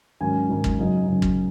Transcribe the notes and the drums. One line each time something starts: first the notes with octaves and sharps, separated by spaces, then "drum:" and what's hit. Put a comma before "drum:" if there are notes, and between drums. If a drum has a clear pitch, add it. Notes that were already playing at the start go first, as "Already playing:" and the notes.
G#2 D#3 F#3 C#4 G#5
G#2 D#3 F#3 C#4
drum: kick
F#2 C#3 F#3 D#4
F#2 C#3 F#3 D#4
drum: kick